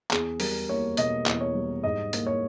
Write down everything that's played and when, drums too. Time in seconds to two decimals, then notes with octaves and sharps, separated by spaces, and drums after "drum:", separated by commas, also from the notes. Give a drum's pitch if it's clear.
0.11 E2 G#4, drum: clap
0.40 G3 A#4, drum: open hi-hat
0.69 A#3 C#5
0.97 B2 D#5, drum: hi-hat
1.26 E2, drum: clap
1.41 C#5
1.55 G3
1.84 G#2 D#5
2.13 A#3, drum: hi-hat
2.27 C#5